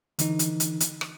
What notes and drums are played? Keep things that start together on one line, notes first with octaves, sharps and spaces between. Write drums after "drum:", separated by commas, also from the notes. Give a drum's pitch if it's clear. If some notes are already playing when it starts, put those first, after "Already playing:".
D3 E3 D#4, drum: hi-hat
drum: hi-hat
drum: hi-hat
drum: hi-hat
drum: rim click